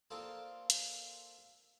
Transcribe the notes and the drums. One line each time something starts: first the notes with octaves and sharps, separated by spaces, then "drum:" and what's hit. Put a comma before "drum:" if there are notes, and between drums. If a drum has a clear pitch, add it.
A#3 C4 D4 F4 G#4 A4
drum: hi-hat